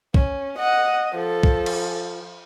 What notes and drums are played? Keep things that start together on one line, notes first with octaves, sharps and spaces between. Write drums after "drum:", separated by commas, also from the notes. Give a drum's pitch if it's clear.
C#4, drum: kick B1
D#5 F#5
F3 A4
drum: kick B1
drum: cymbal